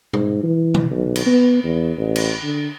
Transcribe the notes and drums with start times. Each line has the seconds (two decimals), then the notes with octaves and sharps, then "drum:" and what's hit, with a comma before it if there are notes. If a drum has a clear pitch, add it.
0.13 G#2, drum: tom B2
0.43 E3
0.74 drum: tom B2
0.91 B1
1.16 drum: cymbal
1.26 B3
1.64 E2
1.97 A1
2.16 drum: cymbal
2.43 D3